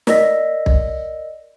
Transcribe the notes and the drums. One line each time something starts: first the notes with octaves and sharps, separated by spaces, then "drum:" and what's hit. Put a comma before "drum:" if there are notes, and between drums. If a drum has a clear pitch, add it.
A#4 D5 D#5 E6 A#6 B6, drum: snare
drum: kick